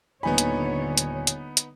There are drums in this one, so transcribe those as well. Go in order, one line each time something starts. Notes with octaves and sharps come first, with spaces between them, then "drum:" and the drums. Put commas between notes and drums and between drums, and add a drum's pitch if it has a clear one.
D#1 D3 B3 D#4 C#5 G#5 B5
drum: hi-hat
drum: hi-hat
drum: hi-hat
drum: hi-hat